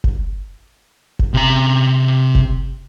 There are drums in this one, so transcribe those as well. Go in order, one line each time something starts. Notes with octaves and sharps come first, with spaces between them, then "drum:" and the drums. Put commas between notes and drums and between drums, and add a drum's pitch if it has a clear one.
drum: kick F#1
drum: kick F#1
C3 A#5
drum: kick F#1